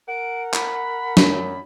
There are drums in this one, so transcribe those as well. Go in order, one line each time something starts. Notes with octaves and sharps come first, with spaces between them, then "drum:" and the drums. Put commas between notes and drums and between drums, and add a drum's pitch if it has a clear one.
A#4 F#5 D7
B5, drum: clap
F#2, drum: snare